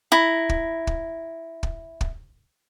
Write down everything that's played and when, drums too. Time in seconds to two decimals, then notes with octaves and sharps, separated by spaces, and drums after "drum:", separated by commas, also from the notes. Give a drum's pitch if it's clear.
0.12 E4 A#5
0.49 drum: kick
0.87 drum: kick
1.63 drum: kick
2.01 drum: kick